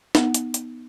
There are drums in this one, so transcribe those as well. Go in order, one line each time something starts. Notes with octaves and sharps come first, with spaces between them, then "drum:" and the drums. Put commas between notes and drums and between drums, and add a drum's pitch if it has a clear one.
B3 D#4 F#5, drum: snare
drum: hi-hat
drum: hi-hat